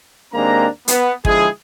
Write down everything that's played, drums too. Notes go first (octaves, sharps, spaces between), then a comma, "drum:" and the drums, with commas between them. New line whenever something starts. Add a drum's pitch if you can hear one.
D#2 G#3 A#3 C4 D4 A#5
B3, drum: hi-hat
D3 F3 G#3 E4 G#4, drum: kick